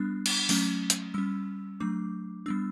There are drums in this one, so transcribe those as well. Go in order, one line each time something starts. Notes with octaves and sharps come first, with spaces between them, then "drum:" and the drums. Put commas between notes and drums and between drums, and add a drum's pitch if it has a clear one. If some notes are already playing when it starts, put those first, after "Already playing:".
Already playing: G3 B3 D4 F#6
drum: cymbal
F#3 A3 C#4, drum: open hi-hat
drum: hi-hat
G3 C#4 E6
F#3 A3 D4 D6
G3 B3 D4 E6